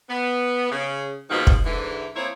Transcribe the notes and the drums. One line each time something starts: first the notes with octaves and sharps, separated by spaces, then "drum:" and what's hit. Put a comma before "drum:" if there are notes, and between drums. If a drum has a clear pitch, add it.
B3
C#3
D#2 G#2 B2 D#3 F3
drum: kick
G#2 D3 E3
F3 A#3 C4 E4 C5 C#5